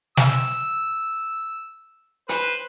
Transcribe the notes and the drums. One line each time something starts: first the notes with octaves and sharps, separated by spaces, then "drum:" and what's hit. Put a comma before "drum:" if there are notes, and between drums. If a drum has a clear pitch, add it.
E6, drum: snare
B4 C5, drum: hi-hat